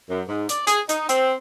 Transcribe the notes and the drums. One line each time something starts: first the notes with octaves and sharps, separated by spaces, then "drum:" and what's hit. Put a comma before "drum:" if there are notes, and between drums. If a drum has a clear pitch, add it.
F#2
G#2
D5, drum: hi-hat
G#4, drum: hi-hat
D#4, drum: hi-hat
C4, drum: hi-hat